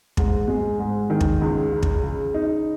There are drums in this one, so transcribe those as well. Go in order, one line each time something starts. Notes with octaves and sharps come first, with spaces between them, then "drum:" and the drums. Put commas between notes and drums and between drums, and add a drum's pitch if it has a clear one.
G#2, drum: kick
G#3
G#2
D#3
drum: kick
C#2
C#3
drum: kick
C#3
D#4